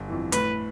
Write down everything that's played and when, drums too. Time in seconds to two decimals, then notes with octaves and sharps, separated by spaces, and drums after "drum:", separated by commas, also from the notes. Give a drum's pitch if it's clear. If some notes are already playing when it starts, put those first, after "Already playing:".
Already playing: G1
0.08 F2 E3
0.32 A2 B4, drum: hi-hat